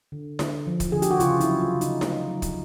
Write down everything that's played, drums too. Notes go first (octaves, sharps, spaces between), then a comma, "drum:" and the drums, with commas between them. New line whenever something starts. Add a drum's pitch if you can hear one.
D3
D3, drum: snare E4
F3
drum: kick, hi-hat
D3 G#4
G4, drum: hi-hat
F#4
C#3 F4, drum: hi-hat
E4, drum: hi-hat
F#3
F4
C#3
D#4, drum: hi-hat
A3 D#4, drum: snare E4
F#3
drum: kick, hi-hat